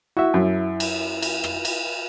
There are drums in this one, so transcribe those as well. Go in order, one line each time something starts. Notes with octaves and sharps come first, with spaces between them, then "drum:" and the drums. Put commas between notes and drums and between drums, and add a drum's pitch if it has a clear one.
E4 F#4 E5
F#2
drum: cymbal
drum: cymbal
drum: rim click
drum: cymbal